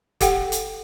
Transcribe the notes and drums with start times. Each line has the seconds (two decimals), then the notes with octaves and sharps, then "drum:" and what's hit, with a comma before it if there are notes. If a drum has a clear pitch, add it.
0.21 G4 A4 F#5 G5, drum: kick, hi-hat
0.52 drum: hi-hat